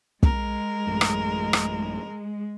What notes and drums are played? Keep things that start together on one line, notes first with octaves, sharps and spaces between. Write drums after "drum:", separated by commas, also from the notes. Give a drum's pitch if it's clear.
G#3 A#4, drum: kick
A1 F#2 A3
drum: rim click
drum: rim click